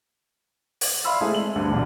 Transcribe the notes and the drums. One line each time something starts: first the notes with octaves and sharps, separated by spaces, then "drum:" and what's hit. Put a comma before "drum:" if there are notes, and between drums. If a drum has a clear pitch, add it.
drum: open hi-hat
D5 E5 F5 B5 C6 E6
G#3 A3 C4 E4 G#4 A4
F#7
D2 G2 D3
B1 E2 D3